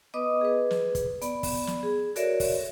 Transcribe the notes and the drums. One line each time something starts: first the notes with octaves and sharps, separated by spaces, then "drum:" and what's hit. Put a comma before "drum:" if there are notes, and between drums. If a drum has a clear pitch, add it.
B3 B4 D#5 D6 D#6
G#4 B4
drum: snare
drum: kick, hi-hat
B3 D5 B5, drum: hi-hat
drum: kick, open hi-hat
drum: snare
G#4
F#4 A4 A#4 C#5 D5 E5, drum: hi-hat
drum: kick, open hi-hat